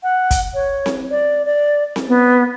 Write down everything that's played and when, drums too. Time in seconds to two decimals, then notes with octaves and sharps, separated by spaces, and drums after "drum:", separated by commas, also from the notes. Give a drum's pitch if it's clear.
0.03 F#5
0.31 drum: kick, hi-hat
0.54 C#5
0.86 drum: snare C4
1.11 D5
1.46 D5
1.96 drum: snare C4
2.08 B3